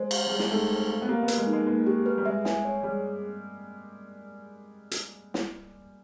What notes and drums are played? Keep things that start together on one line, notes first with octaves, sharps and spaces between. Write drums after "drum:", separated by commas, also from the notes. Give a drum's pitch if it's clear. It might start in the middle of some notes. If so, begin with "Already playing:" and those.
Already playing: G#3 C5
F5, drum: cymbal
G3 G#4
G#3, drum: snare
A3 D#4
C5
F5
B3
A#3 G4
B3
B4, drum: hi-hat
G#3
D#4
G#3
G#3 A#3
G4
B4
G3
G#3 E5
G#5, drum: snare
C#5
G3 G#4
drum: hi-hat
drum: snare